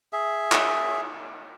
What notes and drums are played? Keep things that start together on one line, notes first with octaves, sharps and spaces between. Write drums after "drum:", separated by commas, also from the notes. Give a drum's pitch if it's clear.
G#4 E5
drum: clap